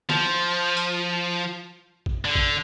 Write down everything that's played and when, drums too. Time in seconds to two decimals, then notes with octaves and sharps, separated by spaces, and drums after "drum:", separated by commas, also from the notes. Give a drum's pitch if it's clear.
0.10 F3, drum: snare
0.77 drum: hi-hat
2.06 drum: kick
2.25 D3
2.35 drum: kick